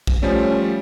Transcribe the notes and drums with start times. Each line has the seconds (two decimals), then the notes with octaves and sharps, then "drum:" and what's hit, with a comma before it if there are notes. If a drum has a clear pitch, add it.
0.07 drum: kick A#1
0.22 F3 G3 A3 C#4